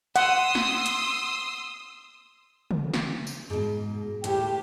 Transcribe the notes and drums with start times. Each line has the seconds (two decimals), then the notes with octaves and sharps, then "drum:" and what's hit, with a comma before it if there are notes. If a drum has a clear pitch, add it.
0.16 F#5 C6 D#6 E6, drum: hi-hat
0.55 drum: snare
0.86 drum: hi-hat
2.71 drum: tom C#3
2.94 drum: snare
3.27 drum: tambourine
3.50 G#2 B2
4.24 D2 A2 G4 C5, drum: hi-hat